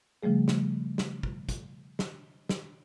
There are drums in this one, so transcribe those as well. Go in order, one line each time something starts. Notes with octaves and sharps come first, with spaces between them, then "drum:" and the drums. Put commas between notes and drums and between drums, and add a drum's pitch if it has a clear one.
C#3 F3 G3 A3 G#4
drum: snare
drum: snare
drum: kick
drum: kick, hi-hat
drum: snare
drum: snare